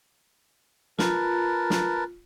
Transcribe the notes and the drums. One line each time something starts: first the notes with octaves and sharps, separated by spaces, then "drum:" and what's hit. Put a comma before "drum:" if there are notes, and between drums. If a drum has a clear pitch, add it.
F4 A#4 B4 A5, drum: snare
drum: snare